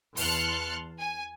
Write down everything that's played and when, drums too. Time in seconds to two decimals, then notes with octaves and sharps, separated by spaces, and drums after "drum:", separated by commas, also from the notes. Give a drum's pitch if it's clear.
0.17 E2 A5 C6 F6 F#6 C#7, drum: open hi-hat
0.99 G#5